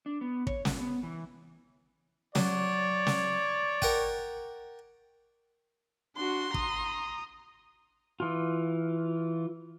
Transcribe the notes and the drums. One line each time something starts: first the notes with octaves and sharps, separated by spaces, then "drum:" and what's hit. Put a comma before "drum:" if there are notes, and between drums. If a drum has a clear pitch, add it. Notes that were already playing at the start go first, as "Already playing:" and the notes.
D4
B3
C#5, drum: kick
A#2, drum: snare
B3
E3
F#3 C#5 D5, drum: snare
drum: snare
A#4 F#5 G5, drum: kick
D4 F#4 C6
A#5 D#6, drum: kick
E3 F4